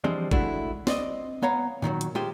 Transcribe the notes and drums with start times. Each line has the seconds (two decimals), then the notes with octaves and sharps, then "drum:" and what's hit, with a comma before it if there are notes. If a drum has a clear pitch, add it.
0.04 E3 F3 G3 G#3 C4 D4
0.31 G#3 A3 D4 E4 F#4, drum: kick G1
0.87 C4 D5 D#5, drum: snare
1.43 B3 C#5 F5 A#5
1.82 A#2 D#3 E3 F#3
2.01 drum: hi-hat
2.15 G#3 F4 G4 C5